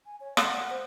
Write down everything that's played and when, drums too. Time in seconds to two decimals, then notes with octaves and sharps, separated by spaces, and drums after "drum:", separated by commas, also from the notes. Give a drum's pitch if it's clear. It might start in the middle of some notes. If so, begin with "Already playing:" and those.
0.06 G#5
0.20 C#5
0.37 F#5, drum: rim click
0.70 C5